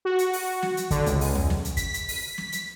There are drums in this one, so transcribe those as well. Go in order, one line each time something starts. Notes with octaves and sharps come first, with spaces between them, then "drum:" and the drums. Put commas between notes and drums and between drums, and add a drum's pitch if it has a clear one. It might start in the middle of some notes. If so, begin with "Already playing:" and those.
F#4
drum: hi-hat
drum: open hi-hat
drum: snare
drum: hi-hat
D3, drum: kick, hi-hat
C#2, drum: hi-hat
drum: open hi-hat
drum: tom E2
drum: snare
drum: hi-hat
B6, drum: kick, hi-hat
drum: hi-hat
drum: open hi-hat
drum: snare
drum: hi-hat